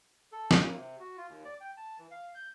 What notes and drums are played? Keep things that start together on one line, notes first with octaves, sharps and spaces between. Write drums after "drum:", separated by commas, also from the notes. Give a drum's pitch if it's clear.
A4
drum: snare
A#3
C3
F#4
F4
D#2
D5
G5
A5
E3
F5
G6